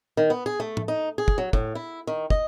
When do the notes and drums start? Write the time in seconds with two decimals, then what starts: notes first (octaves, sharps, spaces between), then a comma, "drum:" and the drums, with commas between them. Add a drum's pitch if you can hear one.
0.17 D#3
0.30 B3
0.46 G#4
0.60 A3
0.77 drum: tom A2
0.88 D#4
1.18 G#4
1.28 drum: kick
1.38 F#3
1.53 A2, drum: kick
1.75 E4
2.07 D#3
2.30 D#5, drum: kick